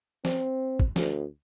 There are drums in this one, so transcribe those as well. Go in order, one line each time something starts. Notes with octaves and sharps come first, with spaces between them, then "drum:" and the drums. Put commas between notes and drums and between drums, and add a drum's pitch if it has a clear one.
C4, drum: snare
drum: kick
D2, drum: snare